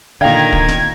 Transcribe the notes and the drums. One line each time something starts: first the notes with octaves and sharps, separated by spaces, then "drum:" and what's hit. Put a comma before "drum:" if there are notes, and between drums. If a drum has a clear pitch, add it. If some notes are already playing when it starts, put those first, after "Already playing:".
A#2 D3 D#3 F5 G5 A#5 G#6
drum: kick
drum: snare